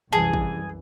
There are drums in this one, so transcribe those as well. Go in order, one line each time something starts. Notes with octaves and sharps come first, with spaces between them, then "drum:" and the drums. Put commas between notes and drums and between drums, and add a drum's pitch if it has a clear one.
C2 F#2 E3 G#4 A5
drum: kick